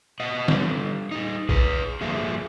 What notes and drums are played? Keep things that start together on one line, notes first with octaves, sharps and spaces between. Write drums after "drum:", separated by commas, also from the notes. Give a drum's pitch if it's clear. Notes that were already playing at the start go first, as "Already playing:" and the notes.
B2 D#5 F#5
D3 G3, drum: snare
G3 D#4
G#4 B4, drum: kick
G2 D3 F3 A#3 G#4 E5